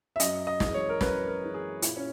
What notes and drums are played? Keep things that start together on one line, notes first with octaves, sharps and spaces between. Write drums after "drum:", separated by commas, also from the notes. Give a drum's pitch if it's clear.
E5
F#2 D#5, drum: hi-hat
D#5
E3 G#3, drum: snare
C#5
A#4
F#2 B4, drum: snare
A#4
E3 G#3
G#4
A#2 E4, drum: hi-hat
C#4